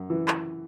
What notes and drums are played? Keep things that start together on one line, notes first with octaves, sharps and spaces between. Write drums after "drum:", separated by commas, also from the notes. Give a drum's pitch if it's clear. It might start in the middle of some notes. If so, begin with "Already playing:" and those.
Already playing: F#2
E3
drum: clap